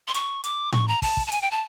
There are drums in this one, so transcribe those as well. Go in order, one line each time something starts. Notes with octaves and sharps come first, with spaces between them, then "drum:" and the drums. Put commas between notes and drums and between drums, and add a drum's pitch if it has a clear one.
C6
C#6, drum: hi-hat
D6, drum: hi-hat
C#6, drum: tom A2
A#5
A5, drum: kick, open hi-hat
drum: kick
A5
G#5, drum: hi-hat
G5
A5